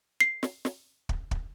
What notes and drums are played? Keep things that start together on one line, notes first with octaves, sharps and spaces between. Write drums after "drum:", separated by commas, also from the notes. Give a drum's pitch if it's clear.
C7
drum: snare
drum: snare
drum: kick
drum: kick